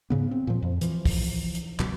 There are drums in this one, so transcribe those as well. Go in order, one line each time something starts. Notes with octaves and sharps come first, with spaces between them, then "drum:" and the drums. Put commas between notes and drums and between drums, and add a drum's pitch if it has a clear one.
G#2 C#3 B3
C4
A#2 F3
F2
E3 F3, drum: hi-hat
drum: kick, open hi-hat
drum: hi-hat
C#2 B2 F#3, drum: clap